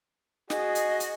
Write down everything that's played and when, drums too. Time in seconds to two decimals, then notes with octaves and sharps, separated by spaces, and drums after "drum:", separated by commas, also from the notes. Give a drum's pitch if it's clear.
0.50 F#4 G#4 D#5, drum: snare
0.75 drum: hi-hat
1.00 drum: hi-hat